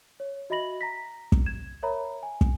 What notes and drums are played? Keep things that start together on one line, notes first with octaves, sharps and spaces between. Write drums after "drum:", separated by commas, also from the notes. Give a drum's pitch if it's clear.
C#5
F#4 D#5 E5 B5 A#6 F#7
A#5 A#6 B6
drum: kick
G#6 E7
A#4 C#5 E5 A#5 B5
G#5
drum: kick